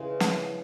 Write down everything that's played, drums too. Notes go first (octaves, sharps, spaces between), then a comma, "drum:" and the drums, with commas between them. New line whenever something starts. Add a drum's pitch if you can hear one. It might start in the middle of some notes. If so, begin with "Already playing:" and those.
Already playing: C#3 E3 G#3 B3
drum: snare